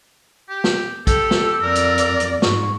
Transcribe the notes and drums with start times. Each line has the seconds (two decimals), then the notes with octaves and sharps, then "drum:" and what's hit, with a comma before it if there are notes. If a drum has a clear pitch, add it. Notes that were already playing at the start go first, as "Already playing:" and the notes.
0.49 G4
0.64 drum: snare
1.07 G4 A4 E6, drum: kick A#1, hi-hat
1.31 drum: snare
1.62 F2 A#4 D5
1.75 drum: hi-hat
1.98 drum: hi-hat
2.20 drum: hi-hat
2.42 G#2 G#3 C#6, drum: snare